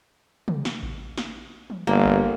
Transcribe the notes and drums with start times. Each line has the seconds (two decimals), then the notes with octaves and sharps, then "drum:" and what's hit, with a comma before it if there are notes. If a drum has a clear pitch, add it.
0.48 drum: tom
0.65 drum: snare
0.83 drum: kick A1
1.18 drum: snare
1.70 drum: tom E3
1.87 G1 A#3
2.05 drum: kick A1